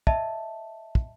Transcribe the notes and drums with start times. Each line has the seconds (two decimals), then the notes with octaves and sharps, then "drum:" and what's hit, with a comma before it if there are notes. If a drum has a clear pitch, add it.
0.07 D#5 E5 A5, drum: kick
0.95 drum: kick